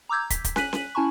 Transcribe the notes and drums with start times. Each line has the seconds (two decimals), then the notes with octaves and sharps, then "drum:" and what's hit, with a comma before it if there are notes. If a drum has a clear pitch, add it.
0.09 A#5 D6 E6 G6 G#6
0.30 B6, drum: kick, hi-hat
0.44 drum: kick, hi-hat
0.56 G#5 F#6 B6 D#7 F#7, drum: snare
0.73 drum: snare
0.95 C#4 E4 G#5 A5 B5 C#6